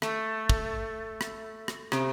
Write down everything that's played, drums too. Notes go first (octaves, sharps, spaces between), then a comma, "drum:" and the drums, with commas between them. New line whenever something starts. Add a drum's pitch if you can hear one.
A3, drum: rim click
drum: kick
drum: rim click
drum: rim click
C3, drum: rim click